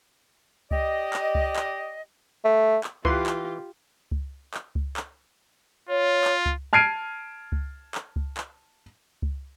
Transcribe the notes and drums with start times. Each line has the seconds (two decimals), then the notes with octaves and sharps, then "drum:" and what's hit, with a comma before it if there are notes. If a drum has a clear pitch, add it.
0.71 G4 D5 D#5, drum: kick C#2
1.13 drum: clap
1.35 drum: kick C#2
1.56 drum: clap
2.44 A3
2.84 drum: clap
3.05 E3 F4 G4 B4 C6, drum: kick C#2
3.26 drum: clap
4.11 drum: kick C#2
4.54 drum: clap
4.75 drum: kick C#2
4.97 drum: clap
5.89 F4 C#5
6.24 drum: clap
6.46 drum: kick C#2
6.73 A5 F6 G#6 C7 D7 D#7
7.52 drum: kick C#2
7.95 drum: clap
8.16 drum: kick C#2
8.37 drum: clap
9.22 drum: kick C#2